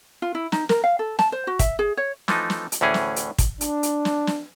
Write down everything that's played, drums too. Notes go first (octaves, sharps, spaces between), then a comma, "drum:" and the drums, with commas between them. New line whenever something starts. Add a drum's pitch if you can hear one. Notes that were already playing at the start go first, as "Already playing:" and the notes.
F4
E4
D#4, drum: snare
A#4, drum: snare
F5
A4
A5, drum: snare
C5
F#4
E5, drum: kick, hi-hat
G#4
C#5
E3 F3 A3 D#4, drum: snare
drum: snare
drum: hi-hat
D2 A2 E3 C#4 G#4
drum: snare
drum: hi-hat
drum: kick, hi-hat
D4, drum: hi-hat
drum: hi-hat
drum: snare
drum: snare